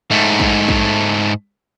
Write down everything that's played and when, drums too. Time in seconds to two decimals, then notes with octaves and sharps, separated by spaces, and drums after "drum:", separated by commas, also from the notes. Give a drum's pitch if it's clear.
0.11 G#2 A3
0.40 drum: kick A#1
0.69 drum: kick A#1